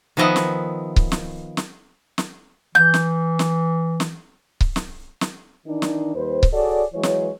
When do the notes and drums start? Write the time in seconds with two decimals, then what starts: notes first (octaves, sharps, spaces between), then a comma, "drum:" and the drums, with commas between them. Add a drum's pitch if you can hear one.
0.17 D#3 F3 B3 D#5 E5 F#5
0.36 drum: snare
0.96 drum: kick C#1
1.12 drum: snare
1.57 drum: snare
2.18 drum: snare
2.75 E3 G6
2.94 drum: snare
3.39 drum: snare
4.00 drum: snare
4.61 drum: kick C#1
4.76 drum: snare
5.21 drum: snare
5.67 D#3 E3 D4 D#4
5.82 drum: snare
6.15 D#2 G3 B4 C5
6.43 drum: kick C#1
6.53 F#4 G#4 A4 C#5 D5
6.94 E3 F#3 G#3 B4 C#5
7.03 drum: snare